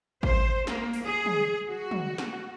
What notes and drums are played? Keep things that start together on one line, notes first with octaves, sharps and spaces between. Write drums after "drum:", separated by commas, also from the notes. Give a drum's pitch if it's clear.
C5, drum: kick G#1
A#3, drum: snare
drum: open hi-hat
G#4
drum: tom
F#4
drum: tom
drum: snare